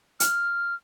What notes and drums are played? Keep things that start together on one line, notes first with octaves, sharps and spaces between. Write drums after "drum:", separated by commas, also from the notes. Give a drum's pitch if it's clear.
F6, drum: hi-hat